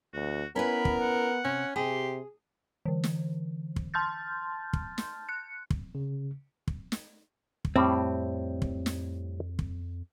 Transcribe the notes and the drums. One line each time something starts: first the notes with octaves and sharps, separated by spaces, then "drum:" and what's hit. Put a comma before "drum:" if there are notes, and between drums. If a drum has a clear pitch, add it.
D2 F#4
B3 C#4 E4 A#4 B4 B5
drum: kick
F#5
C3 C#4
C3 G4 G#4 C6
D3 E3
drum: snare
drum: kick
A5 C6 F6 G6 A6
drum: kick
drum: snare
F#6 C#7
drum: kick
C#3
drum: kick
drum: snare
drum: kick
F2 A2 G3 C4
drum: kick
drum: snare
drum: kick